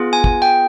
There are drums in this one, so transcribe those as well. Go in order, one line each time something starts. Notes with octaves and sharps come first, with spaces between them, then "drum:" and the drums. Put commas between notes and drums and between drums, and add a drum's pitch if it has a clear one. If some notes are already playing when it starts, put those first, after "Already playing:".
Already playing: B3 F4 G#4
G#5
drum: kick
G5